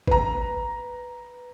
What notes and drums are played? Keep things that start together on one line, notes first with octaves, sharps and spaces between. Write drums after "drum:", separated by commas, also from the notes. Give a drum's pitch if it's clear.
B4 A#5, drum: kick